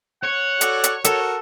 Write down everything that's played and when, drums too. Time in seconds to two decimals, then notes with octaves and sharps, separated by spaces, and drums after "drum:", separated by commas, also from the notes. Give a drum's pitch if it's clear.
0.24 C#5 F#5
0.61 F#4 A4 D5, drum: hi-hat
0.84 drum: hi-hat
1.04 F#4 A4 A#4, drum: hi-hat